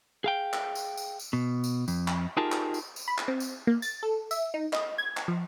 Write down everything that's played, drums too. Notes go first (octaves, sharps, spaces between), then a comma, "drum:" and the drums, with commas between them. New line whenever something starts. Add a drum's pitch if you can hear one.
G#4 F5 G5
drum: clap
drum: tambourine
drum: tambourine
drum: tambourine
B2
drum: tambourine
F2, drum: tambourine
drum: clap
D#4 F4 G4 G#4 A#4 A5
drum: clap
drum: tambourine
drum: tambourine
B5
drum: clap
C4
drum: tambourine
A#3
A6, drum: tambourine
A4
E5, drum: tambourine
D#4
D#5, drum: clap
G#6
drum: clap
F3